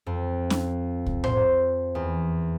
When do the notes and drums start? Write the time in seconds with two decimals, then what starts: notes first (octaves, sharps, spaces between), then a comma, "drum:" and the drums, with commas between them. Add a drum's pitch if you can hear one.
0.06 F2
0.50 drum: snare C#4
1.06 drum: kick C2
1.24 C5, drum: tom A2
1.95 E2